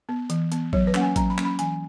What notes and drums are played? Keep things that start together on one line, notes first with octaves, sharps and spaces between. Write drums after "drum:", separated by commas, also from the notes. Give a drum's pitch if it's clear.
B3
E3, drum: hi-hat
B3, drum: hi-hat
F#3 C#5, drum: kick
B4
A#3 C#4 F#5, drum: clap
G#5
F#3 A#5, drum: kick, hi-hat
B5
A#3 C#4, drum: clap
B5
E3 G#5, drum: hi-hat